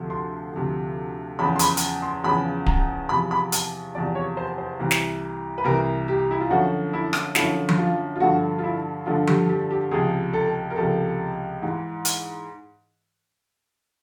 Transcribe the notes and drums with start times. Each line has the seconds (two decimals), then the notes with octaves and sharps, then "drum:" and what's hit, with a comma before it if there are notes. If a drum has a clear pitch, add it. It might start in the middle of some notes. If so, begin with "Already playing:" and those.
Already playing: D2 C3 F3
0.10 C6
0.53 D2 C3 F3
1.39 E2 C#3 F3 B5
1.56 C6
1.59 B5, drum: hi-hat
1.77 drum: hi-hat
2.02 C6
2.24 E2 C#3 F3 B5
2.66 A#5, drum: kick D1
3.09 E2 C3 F3 B5
3.31 B5
3.52 A5, drum: hi-hat
3.95 E2 C3 F3 D5
4.15 C#5
4.37 C5
4.58 C5
4.80 C2 C3 E3
4.91 drum: snare
5.58 B4
5.64 C2 C3 E3 A#4
6.08 G4
6.31 E4
6.41 F4
6.50 F#2 D3 F3 F#4
6.93 E4
7.13 drum: rim click
7.35 F#2 D3 F3 E4, drum: snare
7.69 drum: tom F3
7.78 F4
8.16 F4
8.20 G2 D3 F3 F#4
8.59 F4
8.63 E4
9.06 G2 D3 F3 F4
9.27 G4, drum: tom F3
9.49 G4
9.71 G4
9.91 C#2 C3 F3 G#4
10.33 A4
10.70 A#4
10.76 C#2 C3 F3 A4
11.62 G#2 E3
12.05 drum: hi-hat